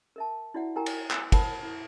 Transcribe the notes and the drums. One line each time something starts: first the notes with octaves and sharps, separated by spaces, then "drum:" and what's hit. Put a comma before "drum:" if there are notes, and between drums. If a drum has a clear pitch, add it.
A#4 E5 A5
E4 F#4 D5 E5 F#5
E4 G4 A#4 G5 G#5 A#5
drum: cymbal
G#5 E6, drum: clap
A#4 C5 F#5 A5 B5, drum: kick, cymbal
E4